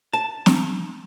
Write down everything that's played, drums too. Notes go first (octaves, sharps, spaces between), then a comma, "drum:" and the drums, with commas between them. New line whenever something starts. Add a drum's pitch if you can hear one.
A5
drum: snare